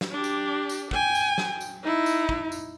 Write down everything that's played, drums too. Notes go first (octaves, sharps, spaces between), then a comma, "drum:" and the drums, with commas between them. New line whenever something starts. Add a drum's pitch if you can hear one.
drum: snare
D4 G4
drum: tambourine
drum: tambourine
G5 G#5, drum: kick
drum: tambourine
drum: snare
drum: tambourine
D#4 E4
drum: tambourine
drum: kick
drum: tambourine